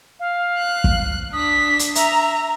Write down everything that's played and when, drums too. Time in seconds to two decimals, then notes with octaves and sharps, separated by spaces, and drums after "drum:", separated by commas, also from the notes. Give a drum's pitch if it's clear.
0.20 F5
0.58 F#6
0.84 drum: kick
1.33 D4 D#6 B6
1.79 drum: hi-hat
1.95 E5 A#5, drum: hi-hat